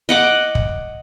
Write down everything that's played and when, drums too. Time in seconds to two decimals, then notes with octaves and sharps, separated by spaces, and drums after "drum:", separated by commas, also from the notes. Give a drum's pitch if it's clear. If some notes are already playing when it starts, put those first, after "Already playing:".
0.09 D#5 F#5 D6
0.55 drum: kick